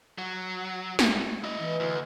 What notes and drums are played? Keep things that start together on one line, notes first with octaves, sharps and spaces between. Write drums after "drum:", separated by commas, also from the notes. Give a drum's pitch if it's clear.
F#3
drum: snare
E4 D#5
E3
D2